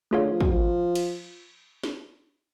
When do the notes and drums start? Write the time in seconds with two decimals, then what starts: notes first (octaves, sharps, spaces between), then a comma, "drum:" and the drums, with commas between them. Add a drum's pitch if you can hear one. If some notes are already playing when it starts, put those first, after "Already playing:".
0.11 D3 A3 F4 G#4 C#5 F5
0.31 F3
0.40 F#3, drum: kick
0.50 F3
0.95 drum: cymbal
1.83 drum: snare